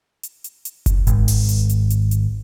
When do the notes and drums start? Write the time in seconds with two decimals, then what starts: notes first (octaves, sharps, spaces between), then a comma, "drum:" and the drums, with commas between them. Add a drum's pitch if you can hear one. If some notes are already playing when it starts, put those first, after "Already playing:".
0.23 drum: hi-hat
0.44 drum: hi-hat
0.65 drum: hi-hat
0.86 drum: kick F#1, hi-hat
1.07 G#1, drum: hi-hat
1.28 drum: open hi-hat
1.49 drum: hi-hat
1.69 drum: hi-hat
1.90 drum: hi-hat
2.11 drum: hi-hat